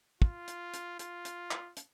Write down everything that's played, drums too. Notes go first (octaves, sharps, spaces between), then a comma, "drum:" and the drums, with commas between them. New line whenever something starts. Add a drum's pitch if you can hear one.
F4, drum: kick
drum: hi-hat
drum: hi-hat
F4, drum: hi-hat
drum: hi-hat
drum: clap
drum: hi-hat